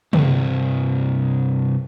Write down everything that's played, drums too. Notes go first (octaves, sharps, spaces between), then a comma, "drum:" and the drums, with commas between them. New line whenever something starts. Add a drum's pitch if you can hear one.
C2 G2, drum: tom